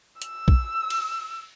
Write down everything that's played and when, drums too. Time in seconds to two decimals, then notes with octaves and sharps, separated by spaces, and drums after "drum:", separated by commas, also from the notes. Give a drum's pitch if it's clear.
0.22 E6, drum: hi-hat
0.48 drum: kick
0.90 drum: cymbal